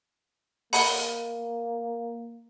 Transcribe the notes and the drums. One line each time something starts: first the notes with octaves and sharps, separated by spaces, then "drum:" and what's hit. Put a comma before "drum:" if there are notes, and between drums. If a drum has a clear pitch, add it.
A#3 F#5 B5, drum: open hi-hat